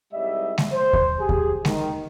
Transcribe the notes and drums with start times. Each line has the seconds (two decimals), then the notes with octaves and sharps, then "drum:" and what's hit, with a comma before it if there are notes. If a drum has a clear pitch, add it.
0.14 C2 G#2 G3 D#5 E5
0.58 drum: snare G#3
0.73 C5
0.93 drum: kick D#2
1.20 G4 G#4
1.29 drum: kick D#2
1.65 D#3, drum: snare G#3